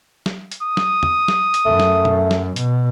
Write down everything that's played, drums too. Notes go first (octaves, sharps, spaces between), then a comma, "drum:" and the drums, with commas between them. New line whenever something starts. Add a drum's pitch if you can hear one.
drum: snare
drum: hi-hat
D#6
drum: snare
drum: tom
drum: snare
drum: hi-hat
F#2 A3
drum: snare
drum: tom
drum: snare
B2, drum: hi-hat